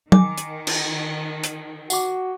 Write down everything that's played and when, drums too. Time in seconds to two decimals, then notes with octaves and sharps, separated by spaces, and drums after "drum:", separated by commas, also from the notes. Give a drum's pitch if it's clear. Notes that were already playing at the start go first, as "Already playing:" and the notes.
0.12 D#3 G#5 D6, drum: tom
0.38 drum: hi-hat
0.67 drum: cymbal
1.43 drum: hi-hat
1.90 F#4 F#5 D6, drum: tambourine